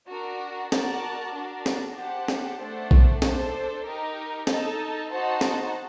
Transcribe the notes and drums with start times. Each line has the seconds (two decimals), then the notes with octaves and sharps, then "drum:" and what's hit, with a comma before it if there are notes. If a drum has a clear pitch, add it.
0.10 D4 F#4 A#4
0.72 F#4 A#4 D5 F#5 A5, drum: snare
1.35 D4 F#4 A#4
1.66 drum: snare
1.97 G4 C5 F#5 A5
2.28 drum: snare
2.60 A3 D4 A4 C5 F#5
2.91 drum: kick A#1
3.22 D4 A4 C5, drum: snare
3.84 D#4 G4 A#4
4.47 D#4 A4 D#5 A5, drum: snare
5.09 D#4 F#4 C5 F#5 A5
5.41 drum: snare